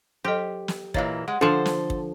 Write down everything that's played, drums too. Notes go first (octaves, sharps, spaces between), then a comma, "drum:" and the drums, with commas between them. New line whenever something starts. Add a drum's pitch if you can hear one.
F#3 G4 A4 D#5
drum: snare
A#2 E3 A#3 C#5 D#5 F5, drum: kick
G#3 F#5
D3 F3 A4 C5
drum: snare
drum: kick